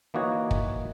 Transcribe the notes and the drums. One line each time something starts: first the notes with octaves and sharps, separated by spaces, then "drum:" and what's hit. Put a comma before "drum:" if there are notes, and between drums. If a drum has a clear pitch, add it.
E3 A#3 D#4 F#4 C#5
drum: kick